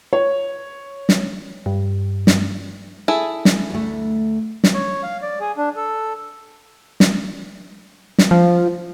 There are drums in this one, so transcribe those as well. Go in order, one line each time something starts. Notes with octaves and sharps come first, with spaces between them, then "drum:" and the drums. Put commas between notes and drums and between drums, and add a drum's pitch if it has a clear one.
C#5
drum: snare
G2
drum: snare
E4 G#4 A4
drum: snare
D2 A3
drum: snare
C#5
F5
D5
G#4
D4
A4
drum: snare
drum: snare
F3